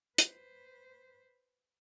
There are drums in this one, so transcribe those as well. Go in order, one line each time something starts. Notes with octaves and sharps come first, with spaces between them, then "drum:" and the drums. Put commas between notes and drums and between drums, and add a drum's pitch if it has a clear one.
B4 C5, drum: hi-hat